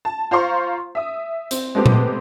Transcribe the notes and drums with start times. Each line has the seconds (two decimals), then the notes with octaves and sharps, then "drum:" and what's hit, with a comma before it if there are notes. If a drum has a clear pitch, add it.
0.05 A5
0.31 F4 C5 F5 A#5 C6 C#6
0.95 E5 D#6
1.51 C4, drum: hi-hat
1.75 G#3 A3 B3 C4 G4
1.86 drum: tom A#2